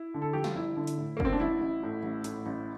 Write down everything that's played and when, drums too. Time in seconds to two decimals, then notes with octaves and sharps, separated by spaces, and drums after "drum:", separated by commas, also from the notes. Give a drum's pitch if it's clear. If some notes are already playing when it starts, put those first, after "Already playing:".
Already playing: E4
0.14 D3
0.22 A4
0.33 F3 G4
0.44 F4, drum: snare
0.55 G1 E4
0.77 D3
0.87 drum: hi-hat
0.98 A2
1.17 A#3
1.20 A1, drum: kick
1.25 C4
1.32 D4
1.40 A1 E4
1.61 A1
1.83 A2
2.03 A1
2.24 A2, drum: hi-hat
2.46 A1